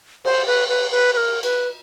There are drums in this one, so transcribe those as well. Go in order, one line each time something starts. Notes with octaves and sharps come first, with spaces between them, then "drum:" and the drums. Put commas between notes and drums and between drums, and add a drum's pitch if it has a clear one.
C5, drum: cymbal
B4
B4
B4
B4
A#4
B4, drum: cymbal